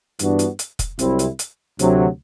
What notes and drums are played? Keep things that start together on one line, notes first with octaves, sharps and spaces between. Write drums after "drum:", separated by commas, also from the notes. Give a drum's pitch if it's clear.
G2 E3 B3 D4 F#4, drum: hi-hat
drum: hi-hat
drum: hi-hat
drum: kick, hi-hat
C2 C3 F#3 C4 E4, drum: hi-hat
drum: hi-hat
drum: hi-hat
D2 C3 F#3, drum: hi-hat